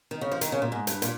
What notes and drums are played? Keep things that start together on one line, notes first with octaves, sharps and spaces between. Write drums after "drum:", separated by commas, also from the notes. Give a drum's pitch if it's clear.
D#3
C#3
F3
D#3, drum: hi-hat
C#3
A#2
G#2
G2, drum: hi-hat
A#2, drum: hi-hat